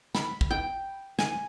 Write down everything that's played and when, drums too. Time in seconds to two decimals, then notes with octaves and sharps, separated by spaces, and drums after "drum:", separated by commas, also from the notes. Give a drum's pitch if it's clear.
0.15 B5, drum: snare
0.41 drum: kick
0.51 G5
1.19 G#5, drum: snare